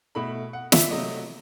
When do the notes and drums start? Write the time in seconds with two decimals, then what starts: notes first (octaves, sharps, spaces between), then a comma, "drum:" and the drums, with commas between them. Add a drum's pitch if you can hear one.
0.15 B2 A3 E4 B5
0.53 F#5
0.72 E5, drum: snare
0.91 C3 F#3 A3 D#5